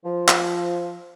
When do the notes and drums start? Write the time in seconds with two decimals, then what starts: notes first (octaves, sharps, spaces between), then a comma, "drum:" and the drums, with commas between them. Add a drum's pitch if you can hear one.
0.05 F3
0.28 drum: clap